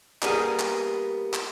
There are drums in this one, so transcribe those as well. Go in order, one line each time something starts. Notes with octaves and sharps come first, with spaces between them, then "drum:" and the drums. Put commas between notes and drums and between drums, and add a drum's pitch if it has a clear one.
G3 A#3 B3 G#4, drum: clap
drum: clap
drum: clap